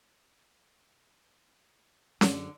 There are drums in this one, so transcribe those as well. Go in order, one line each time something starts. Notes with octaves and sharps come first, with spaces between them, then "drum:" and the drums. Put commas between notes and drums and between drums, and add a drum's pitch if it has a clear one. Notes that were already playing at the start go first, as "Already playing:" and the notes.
F#2 D3, drum: snare C#4